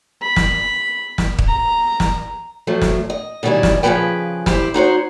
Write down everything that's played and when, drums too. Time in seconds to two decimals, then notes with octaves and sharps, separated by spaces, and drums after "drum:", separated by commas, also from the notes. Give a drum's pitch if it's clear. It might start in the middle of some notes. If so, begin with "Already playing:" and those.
0.22 B5
0.36 drum: snare
1.18 drum: snare
1.39 drum: kick
1.48 A#5
2.00 drum: snare
2.67 F3 F#3 A3
2.82 drum: snare
3.10 D#5
3.43 B2 D#3 E3 G3 C#4 E4
3.63 drum: snare
3.83 C#3 F3 A#3 G#4 B4 G5
4.46 E4 G4 C5, drum: snare
4.74 D#4 F#4 C5 C#5